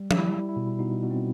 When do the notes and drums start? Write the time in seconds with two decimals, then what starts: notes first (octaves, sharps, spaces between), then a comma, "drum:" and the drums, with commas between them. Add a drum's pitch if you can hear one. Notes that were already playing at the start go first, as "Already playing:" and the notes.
Already playing: G3
0.11 G3, drum: tom F3
0.18 E4
0.34 G3
0.49 E4
0.56 B2
0.79 B2 D#4
1.03 B2
1.11 C4